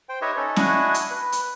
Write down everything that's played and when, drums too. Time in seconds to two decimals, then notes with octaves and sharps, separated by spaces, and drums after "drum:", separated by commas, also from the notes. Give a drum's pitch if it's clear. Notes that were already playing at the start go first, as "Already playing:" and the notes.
0.09 C5 G5
0.22 D#4 G4 B4 C#5 D#5 E5
0.37 C#4 D#4 A4
0.56 D4 E4 F#4 D#5 F#5 G#5, drum: snare C#4
0.94 drum: hi-hat
1.11 B4
1.32 drum: hi-hat